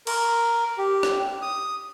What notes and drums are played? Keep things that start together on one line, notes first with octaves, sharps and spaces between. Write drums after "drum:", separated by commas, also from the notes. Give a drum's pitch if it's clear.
A#4, drum: cymbal
G4
drum: rim click
D#6